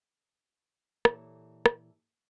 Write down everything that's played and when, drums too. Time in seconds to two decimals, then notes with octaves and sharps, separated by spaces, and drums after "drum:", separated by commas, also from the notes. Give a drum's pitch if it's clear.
1.05 A#2 E3 G4 A4 C#5 A5, drum: rim click
1.66 drum: rim click